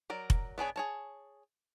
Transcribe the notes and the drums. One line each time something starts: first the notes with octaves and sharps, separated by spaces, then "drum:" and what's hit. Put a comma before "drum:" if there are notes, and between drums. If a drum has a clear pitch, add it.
F#3 A#4 D5
drum: kick F1
B3 D4 G#4 C#5
G#4 C#5 A5